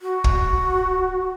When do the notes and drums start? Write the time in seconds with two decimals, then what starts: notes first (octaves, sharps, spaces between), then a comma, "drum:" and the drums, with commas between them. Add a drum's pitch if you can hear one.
0.02 F#4
0.24 drum: kick